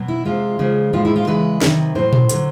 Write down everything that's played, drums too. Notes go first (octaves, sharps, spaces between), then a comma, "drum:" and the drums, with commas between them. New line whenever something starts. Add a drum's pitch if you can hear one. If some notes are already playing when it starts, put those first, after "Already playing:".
Already playing: B2 F#3
E4
C3 F3 G#3 F4
C#3 F3 G#3
A2 F3 G#3 F4
E4
F4
C#3 E3 G#3 B4
C3 D#3 F#3, drum: snare
A2 F#3 C5
drum: tom A#2
D3 F#3, drum: hi-hat